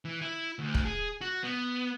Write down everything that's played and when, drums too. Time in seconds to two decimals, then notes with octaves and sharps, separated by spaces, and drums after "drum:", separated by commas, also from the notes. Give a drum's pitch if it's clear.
0.05 E3
0.22 E4
0.59 D2
0.75 drum: kick
0.85 G#4
1.21 F#4
1.44 B3